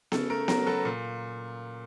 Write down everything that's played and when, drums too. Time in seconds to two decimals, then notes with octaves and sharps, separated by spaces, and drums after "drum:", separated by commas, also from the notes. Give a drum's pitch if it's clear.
0.12 C#3 A4, drum: snare B3
0.30 A3 A#4
0.48 F#3 A#4, drum: snare B3
0.66 F#3 A4 B4
0.85 A#2